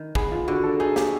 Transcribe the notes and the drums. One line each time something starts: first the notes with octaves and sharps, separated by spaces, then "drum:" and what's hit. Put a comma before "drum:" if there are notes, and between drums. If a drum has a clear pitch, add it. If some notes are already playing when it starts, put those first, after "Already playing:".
Already playing: D#3
B3 G#4, drum: kick
F4
D3 F#4
A4
D#4 G#4
G4, drum: snare